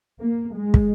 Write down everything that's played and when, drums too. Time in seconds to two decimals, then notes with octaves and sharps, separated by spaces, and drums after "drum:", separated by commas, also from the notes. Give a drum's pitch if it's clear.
0.20 A#3
0.55 G#3
0.74 drum: kick